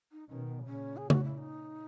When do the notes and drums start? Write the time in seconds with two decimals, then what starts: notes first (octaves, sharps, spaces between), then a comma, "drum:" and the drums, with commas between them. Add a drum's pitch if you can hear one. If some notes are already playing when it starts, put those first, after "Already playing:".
0.12 D#4
0.29 B2 D#3 C#4
0.47 B3
0.65 A#2 C#3 C#4
0.97 G#4
1.10 F#4, drum: tom C#3
1.24 E4
1.38 D#4